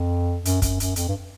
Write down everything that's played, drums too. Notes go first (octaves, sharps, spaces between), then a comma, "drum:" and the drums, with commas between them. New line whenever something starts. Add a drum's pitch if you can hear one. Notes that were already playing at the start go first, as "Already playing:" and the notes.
Already playing: F2
F#2, drum: hi-hat
F#2, drum: kick, hi-hat
F#2, drum: hi-hat
F2, drum: hi-hat
G2